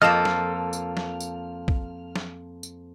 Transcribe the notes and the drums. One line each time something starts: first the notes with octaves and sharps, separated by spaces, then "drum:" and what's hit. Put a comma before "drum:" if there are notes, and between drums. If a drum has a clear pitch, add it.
F2 A#3 F4 A4 D#5 F5 F6 E7
drum: snare
drum: tambourine
drum: snare
drum: tambourine
drum: kick
drum: snare
drum: tambourine